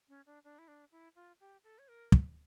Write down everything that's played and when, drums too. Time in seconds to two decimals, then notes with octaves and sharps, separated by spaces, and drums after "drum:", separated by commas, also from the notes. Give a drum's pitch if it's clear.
0.09 C#4
0.26 D4
0.44 D4
0.59 E4
0.68 D4
0.92 E4
1.16 F4
1.40 G4
1.64 A4
1.79 C#5
1.88 A#4
2.12 drum: kick